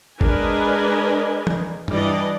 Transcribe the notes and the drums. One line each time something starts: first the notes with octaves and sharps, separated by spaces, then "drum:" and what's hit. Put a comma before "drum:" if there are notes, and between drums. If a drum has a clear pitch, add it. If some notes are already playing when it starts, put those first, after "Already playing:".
G#3 D4 A#4 B4 D#5 G#5, drum: kick G#1
drum: tom
E3 G3 D4 D5 D#5, drum: tom G2